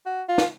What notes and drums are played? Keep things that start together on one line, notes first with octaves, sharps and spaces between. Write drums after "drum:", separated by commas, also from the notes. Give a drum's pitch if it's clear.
F#4
F4
drum: snare